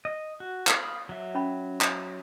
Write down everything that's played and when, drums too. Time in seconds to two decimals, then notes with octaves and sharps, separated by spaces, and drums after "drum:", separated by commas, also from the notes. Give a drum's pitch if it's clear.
0.05 D#5
0.40 F#4
0.67 F5 B5 D#6, drum: clap
1.09 F#3 E5
1.35 C#4 B5
1.81 drum: clap